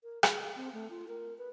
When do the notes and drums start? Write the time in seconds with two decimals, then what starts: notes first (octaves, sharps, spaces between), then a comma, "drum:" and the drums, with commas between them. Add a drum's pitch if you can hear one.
0.03 A#4
0.23 G#4, drum: rim click
0.44 G#4
0.56 C4
0.73 A3
0.90 F4
1.08 A#4
1.38 B4